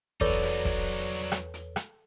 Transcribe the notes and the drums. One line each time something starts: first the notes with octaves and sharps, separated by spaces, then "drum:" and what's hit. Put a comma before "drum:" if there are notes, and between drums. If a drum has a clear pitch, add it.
E2 F#3 D#4 A4 B4 C#5 D5, drum: kick
drum: hi-hat
drum: kick, hi-hat
drum: rim click
drum: hi-hat
drum: rim click